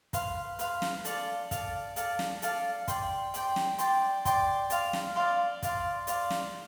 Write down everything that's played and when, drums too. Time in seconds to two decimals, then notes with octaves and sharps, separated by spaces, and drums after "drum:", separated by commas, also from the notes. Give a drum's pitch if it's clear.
0.13 B4 F5 C6, drum: kick, hi-hat
0.59 B4 F5 C6, drum: hi-hat
0.82 drum: snare
1.05 A4 D5 F5 A5, drum: hi-hat
1.51 A4 D5 F5 A5, drum: kick, hi-hat
1.96 A4 D5 F5 A5, drum: hi-hat
2.19 drum: snare
2.42 A4 D5 F5 A5, drum: hi-hat
2.88 D5 G5 C6, drum: kick, hi-hat
3.34 D5 G5 C6, drum: hi-hat
3.56 drum: snare
3.78 D5 G5 C6, drum: hi-hat
4.25 D5 G5 C6, drum: kick, hi-hat
4.70 D5 F5 C6, drum: hi-hat
4.93 drum: snare
5.16 D5 F5 C6
5.62 D5 F5 C6, drum: kick, hi-hat
6.07 D5 F5 C6, drum: hi-hat
6.30 drum: snare